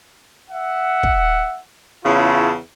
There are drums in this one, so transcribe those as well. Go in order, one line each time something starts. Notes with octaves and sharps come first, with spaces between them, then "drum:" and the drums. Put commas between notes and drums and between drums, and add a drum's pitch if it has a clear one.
E5 F#5
drum: kick
E2 C#3 E4 F4 A5